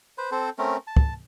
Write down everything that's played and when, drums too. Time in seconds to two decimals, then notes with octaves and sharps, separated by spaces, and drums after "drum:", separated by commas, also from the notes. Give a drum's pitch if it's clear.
0.18 B4 C5
0.32 C4 A4 C5
0.58 A3 C4 C#4 A#4
0.87 A5
0.97 drum: kick